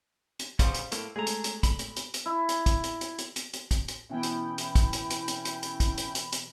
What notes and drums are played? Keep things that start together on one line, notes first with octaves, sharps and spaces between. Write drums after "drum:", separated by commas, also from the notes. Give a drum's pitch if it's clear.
drum: hi-hat
C#3 G3 B3 C5 F5 C6, drum: kick, hi-hat
drum: hi-hat
A2 A3 A#3, drum: hi-hat
G#3 A3 G#4 A4 A#5
drum: hi-hat
drum: hi-hat
B5, drum: kick, hi-hat
drum: hi-hat
drum: hi-hat
drum: hi-hat
E4
drum: hi-hat
drum: kick, hi-hat
drum: hi-hat
drum: hi-hat
drum: hi-hat
drum: hi-hat
drum: hi-hat
drum: kick, hi-hat
drum: hi-hat
B2 E3 B3 C#4 E4 G5 B5
drum: hi-hat
drum: hi-hat
drum: kick, hi-hat
drum: hi-hat
drum: hi-hat
drum: hi-hat
drum: hi-hat
drum: hi-hat
drum: kick, hi-hat
drum: hi-hat
drum: hi-hat
drum: hi-hat